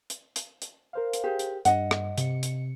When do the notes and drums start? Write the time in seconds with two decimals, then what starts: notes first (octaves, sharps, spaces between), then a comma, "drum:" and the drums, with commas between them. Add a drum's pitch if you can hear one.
0.10 drum: hi-hat
0.36 drum: hi-hat
0.62 drum: hi-hat
0.93 A#4 C5 F5
1.13 drum: hi-hat
1.24 G4 G#4
1.39 drum: hi-hat
1.65 G2 D#5 F#5, drum: hi-hat
1.91 drum: rim click
2.18 C3 C#7, drum: hi-hat
2.43 drum: hi-hat